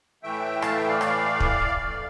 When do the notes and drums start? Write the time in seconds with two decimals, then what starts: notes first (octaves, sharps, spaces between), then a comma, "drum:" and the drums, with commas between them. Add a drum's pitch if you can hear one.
0.23 A2 E3 A3 E5 G5
0.62 F5 A5, drum: rim click
0.75 E5 G5
0.88 D5 F5
1.01 D5 F5, drum: rim click
1.40 drum: kick
1.80 F2 E3 A3